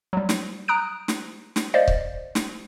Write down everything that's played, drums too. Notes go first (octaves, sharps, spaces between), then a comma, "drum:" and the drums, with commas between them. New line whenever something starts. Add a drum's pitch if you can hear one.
F#3 G3
drum: snare
A#5 D#6 F#6 D7
drum: snare
drum: snare
C5 D5 D#5 F5
drum: kick C#1
drum: snare